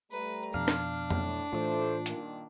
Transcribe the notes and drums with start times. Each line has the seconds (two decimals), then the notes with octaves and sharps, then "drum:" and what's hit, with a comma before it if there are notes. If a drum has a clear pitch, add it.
0.12 G3 A3 B4 A#5
0.54 F2 B2 F3 D4 F5
0.68 drum: snare
1.10 A2, drum: tom F2
1.53 A2 E3 A3 F4 A4 C5 D6
2.06 G2 A#2 D#3, drum: hi-hat